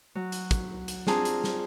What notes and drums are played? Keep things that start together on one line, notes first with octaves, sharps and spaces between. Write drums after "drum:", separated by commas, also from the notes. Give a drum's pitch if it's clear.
F#3
drum: hi-hat
drum: kick, hi-hat
drum: hi-hat
C4 D4 F4 G#4 A5 A#5, drum: snare
drum: hi-hat
drum: snare